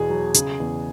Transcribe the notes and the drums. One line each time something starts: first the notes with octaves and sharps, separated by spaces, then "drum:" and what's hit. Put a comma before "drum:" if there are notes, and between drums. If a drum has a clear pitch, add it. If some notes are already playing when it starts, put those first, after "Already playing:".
Already playing: E2 B2 G#4
F#3
C#3, drum: hi-hat
E2